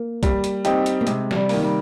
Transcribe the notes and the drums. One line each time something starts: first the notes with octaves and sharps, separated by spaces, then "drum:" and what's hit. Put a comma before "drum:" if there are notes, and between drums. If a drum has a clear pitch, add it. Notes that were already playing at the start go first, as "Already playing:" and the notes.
Already playing: A#3
G3, drum: kick, hi-hat
drum: hi-hat
C4 D#4 G4, drum: hi-hat
drum: hi-hat
A#3
C3 G#3, drum: hi-hat
F3, drum: snare
G3
D#3 A#3, drum: open hi-hat
G3